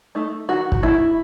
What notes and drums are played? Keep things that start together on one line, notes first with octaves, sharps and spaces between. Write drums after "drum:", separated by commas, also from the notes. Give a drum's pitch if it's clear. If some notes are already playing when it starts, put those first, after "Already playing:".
A3 D#4
D#3 F#4
drum: kick
A3 C4 D#4 E4